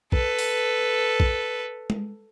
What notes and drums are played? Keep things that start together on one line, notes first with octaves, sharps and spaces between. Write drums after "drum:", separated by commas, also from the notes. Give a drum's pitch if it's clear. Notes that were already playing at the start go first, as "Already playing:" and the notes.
A4 B4, drum: kick A#1
drum: open hi-hat
drum: kick A#1
drum: tom G#3